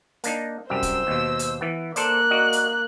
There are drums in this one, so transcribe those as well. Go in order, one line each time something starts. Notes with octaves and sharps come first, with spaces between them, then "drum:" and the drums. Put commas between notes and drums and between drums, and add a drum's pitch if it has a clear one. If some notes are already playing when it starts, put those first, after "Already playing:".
A#3 D4 D#4, drum: hi-hat
C2 F#2 G4 C5 E6
drum: kick C#1, hi-hat
D#2 B2
drum: hi-hat
E3 B3
A#3 A4 C5 D5 F#6, drum: hi-hat
F#4 D5 D#5
drum: hi-hat